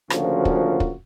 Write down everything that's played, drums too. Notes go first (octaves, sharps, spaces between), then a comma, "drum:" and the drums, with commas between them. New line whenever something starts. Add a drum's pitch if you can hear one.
D2 C#3 F3 A#3 F4 F#4, drum: rim click
drum: kick
drum: kick